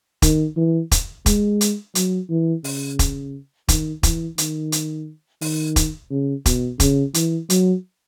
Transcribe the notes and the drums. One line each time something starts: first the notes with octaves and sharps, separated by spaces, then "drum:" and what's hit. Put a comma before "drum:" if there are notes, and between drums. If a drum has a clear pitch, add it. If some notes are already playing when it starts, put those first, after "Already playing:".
D#3, drum: kick E1, hi-hat
E3
drum: kick E1, hi-hat
G#3, drum: kick E1, hi-hat
drum: hi-hat
F#3, drum: hi-hat
E3
C#3, drum: open hi-hat
drum: kick E1, hi-hat
D#3, drum: kick E1, hi-hat
E3, drum: kick E1, hi-hat
D#3, drum: hi-hat
drum: hi-hat
D#3, drum: open hi-hat
drum: kick E1, hi-hat
C#3
B2, drum: kick E1, hi-hat
C#3, drum: kick E1, hi-hat
E3, drum: hi-hat
F#3, drum: hi-hat